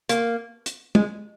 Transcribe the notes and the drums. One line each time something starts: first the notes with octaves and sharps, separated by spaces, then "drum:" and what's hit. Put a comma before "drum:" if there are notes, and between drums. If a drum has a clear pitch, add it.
A#3, drum: hi-hat
drum: hi-hat
G#3, drum: tom